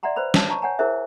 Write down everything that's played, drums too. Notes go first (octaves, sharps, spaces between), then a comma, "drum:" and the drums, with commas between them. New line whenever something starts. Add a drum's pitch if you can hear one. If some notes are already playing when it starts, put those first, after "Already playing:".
D5 E5 F#5 A#5 C6
B4 C5 A#5 B5
B4 C#5 A5, drum: snare
A5 A#5 C#6
C#5 F#5 G#5 A#5
E4 G#4 A#4 C5 E5